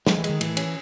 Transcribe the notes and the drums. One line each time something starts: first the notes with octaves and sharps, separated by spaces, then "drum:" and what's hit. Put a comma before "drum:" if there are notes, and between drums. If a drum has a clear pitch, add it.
F3 G#3, drum: snare
E3
G#3, drum: cymbal
D#3
A2 E3, drum: cymbal
C#4, drum: cymbal